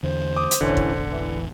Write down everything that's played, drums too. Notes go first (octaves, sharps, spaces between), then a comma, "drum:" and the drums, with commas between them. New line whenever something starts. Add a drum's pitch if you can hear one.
E2 D3 C5
D6 D#6
drum: hi-hat
E1 A1 D3 E3 C#4
drum: kick
E3